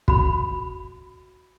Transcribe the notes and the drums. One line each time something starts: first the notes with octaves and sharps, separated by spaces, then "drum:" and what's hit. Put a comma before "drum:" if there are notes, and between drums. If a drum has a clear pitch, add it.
F#4 B5, drum: kick